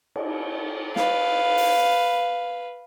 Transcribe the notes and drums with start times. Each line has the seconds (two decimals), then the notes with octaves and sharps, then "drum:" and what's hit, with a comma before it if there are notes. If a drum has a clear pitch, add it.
0.16 drum: cymbal
0.96 B4 F5, drum: snare
1.57 drum: open hi-hat